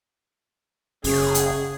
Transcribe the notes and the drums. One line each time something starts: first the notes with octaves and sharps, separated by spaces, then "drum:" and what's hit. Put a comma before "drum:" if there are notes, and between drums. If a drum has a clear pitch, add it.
F#1 C#3 C#4 G#4, drum: open hi-hat
drum: hi-hat